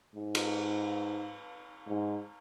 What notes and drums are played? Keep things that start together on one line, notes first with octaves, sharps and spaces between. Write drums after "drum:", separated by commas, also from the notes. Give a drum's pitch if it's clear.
G#2
drum: cymbal
G#2